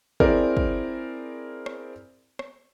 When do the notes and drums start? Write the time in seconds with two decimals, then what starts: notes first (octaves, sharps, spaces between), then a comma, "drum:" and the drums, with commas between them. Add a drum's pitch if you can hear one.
0.20 C4 E4 G#4 A#4 D5, drum: kick
0.57 drum: kick
1.66 drum: rim click
2.39 drum: rim click